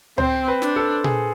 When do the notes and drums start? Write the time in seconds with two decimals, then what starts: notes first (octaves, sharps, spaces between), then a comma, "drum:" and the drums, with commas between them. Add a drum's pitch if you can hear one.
0.18 C4 C5, drum: tom C#2
0.48 B4
0.62 D4, drum: snare
0.76 A4
1.04 G#4, drum: tom A#2